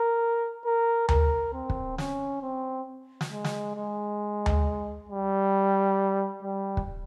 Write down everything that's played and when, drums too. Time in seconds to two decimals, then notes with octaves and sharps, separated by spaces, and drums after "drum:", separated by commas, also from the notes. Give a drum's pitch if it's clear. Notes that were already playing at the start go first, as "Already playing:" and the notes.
Already playing: A#4
0.65 A#4
1.09 A#4, drum: tom D2
1.53 C4
1.70 drum: kick
1.98 C#4, drum: snare
2.42 C4
3.21 drum: snare
3.32 G#3
3.44 drum: snare
3.76 G#3
4.46 drum: tom D2
5.09 G3
6.43 G3
6.77 drum: kick